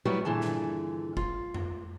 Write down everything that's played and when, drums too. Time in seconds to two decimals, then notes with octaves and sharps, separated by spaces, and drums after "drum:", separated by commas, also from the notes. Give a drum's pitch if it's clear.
0.05 F#3 G3 B3 E4 F#4
0.25 G2 A#2 D3 E3 G#4 A5
0.41 drum: snare
1.17 F4, drum: kick
1.54 drum: tom F2